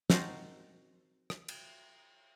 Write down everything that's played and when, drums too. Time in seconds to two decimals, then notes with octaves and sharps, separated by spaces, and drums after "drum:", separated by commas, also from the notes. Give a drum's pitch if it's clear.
0.10 C4 D#4 F#4 A#4 C5 A5, drum: snare
1.30 drum: rim click
1.48 drum: cymbal